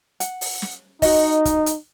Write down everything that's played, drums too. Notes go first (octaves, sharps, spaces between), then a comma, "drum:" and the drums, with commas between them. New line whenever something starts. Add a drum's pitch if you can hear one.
F#5, drum: hi-hat
drum: open hi-hat
drum: snare
D#4 F#4 D#5, drum: kick, open hi-hat
drum: kick, hi-hat
drum: hi-hat